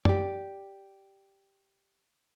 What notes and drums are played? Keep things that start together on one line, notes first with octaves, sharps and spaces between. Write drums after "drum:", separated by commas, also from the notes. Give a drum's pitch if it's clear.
G4 D5, drum: tom